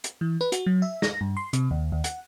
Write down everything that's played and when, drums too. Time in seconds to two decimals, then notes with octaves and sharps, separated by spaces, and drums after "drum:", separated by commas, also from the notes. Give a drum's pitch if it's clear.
0.04 drum: hi-hat
0.21 E3
0.41 B4
0.52 F#4, drum: hi-hat
0.66 F#3
0.82 E5
1.02 A#6, drum: snare
1.21 G2
1.37 C6
1.53 C3, drum: hi-hat
1.71 D#2
1.92 D#2
2.04 F#5, drum: hi-hat